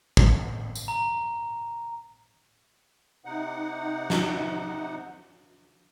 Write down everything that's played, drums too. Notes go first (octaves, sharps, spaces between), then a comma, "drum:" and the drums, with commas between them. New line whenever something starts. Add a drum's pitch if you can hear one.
drum: kick
drum: tambourine
A#5
C3 D#4 F#5
drum: snare